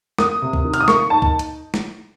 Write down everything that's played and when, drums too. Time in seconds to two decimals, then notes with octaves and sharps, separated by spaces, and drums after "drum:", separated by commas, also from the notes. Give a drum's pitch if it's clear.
0.18 A#3 D#6, drum: snare
0.42 C3
0.53 drum: kick
0.65 D#3
0.74 F6, drum: hi-hat
0.81 D#6
0.88 A#3 C#6, drum: snare
1.10 D#4 A5
1.22 drum: kick
1.39 drum: hi-hat
1.74 drum: snare